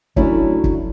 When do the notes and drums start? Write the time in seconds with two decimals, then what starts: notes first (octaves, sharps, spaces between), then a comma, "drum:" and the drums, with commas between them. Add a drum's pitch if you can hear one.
0.16 F#3 A3 C#4 D4 E4, drum: kick
0.64 drum: kick